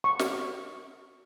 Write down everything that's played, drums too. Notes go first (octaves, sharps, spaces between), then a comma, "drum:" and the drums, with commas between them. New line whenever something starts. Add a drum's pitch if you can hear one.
C#6
drum: snare